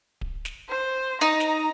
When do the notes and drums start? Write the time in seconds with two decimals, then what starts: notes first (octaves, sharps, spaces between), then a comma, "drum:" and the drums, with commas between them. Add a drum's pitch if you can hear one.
0.21 drum: kick D1
0.45 drum: snare
0.69 C5
1.21 D#4 A#5
1.40 drum: snare